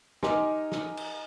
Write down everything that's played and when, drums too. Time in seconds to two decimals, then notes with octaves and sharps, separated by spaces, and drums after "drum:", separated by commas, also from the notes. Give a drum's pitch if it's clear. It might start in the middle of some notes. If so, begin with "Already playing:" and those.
0.23 D#4 G4 A#4 G#5 C6 D6, drum: snare
0.72 drum: snare
0.97 drum: cymbal